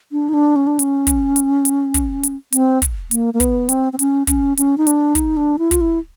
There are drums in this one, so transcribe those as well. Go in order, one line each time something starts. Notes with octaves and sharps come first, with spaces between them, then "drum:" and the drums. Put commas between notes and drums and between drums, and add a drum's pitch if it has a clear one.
D4
D#4
D4
C#4
D4
C#4, drum: hi-hat
drum: kick, hi-hat
drum: hi-hat
drum: hi-hat
drum: kick, hi-hat
drum: hi-hat
C4, drum: hi-hat
drum: kick, hi-hat
A#3, drum: hi-hat
A#3
B3, drum: kick, hi-hat
C4, drum: hi-hat
C4
C#4, drum: hi-hat
C#4, drum: kick, hi-hat
C#4, drum: hi-hat
D#4
D4, drum: hi-hat
D#4, drum: kick, hi-hat
D4
E4
F4, drum: kick, hi-hat
E4